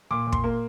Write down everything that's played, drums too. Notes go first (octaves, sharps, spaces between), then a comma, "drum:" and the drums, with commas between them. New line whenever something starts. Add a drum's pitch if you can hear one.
A#2 D6
A#2
C6, drum: kick
A#3